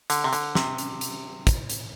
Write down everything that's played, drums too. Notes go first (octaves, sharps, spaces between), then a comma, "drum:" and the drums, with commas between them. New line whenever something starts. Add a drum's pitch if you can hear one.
D3, drum: hi-hat
C3
D3, drum: hi-hat
C3, drum: snare
drum: hi-hat
drum: hi-hat
drum: kick, hi-hat
drum: hi-hat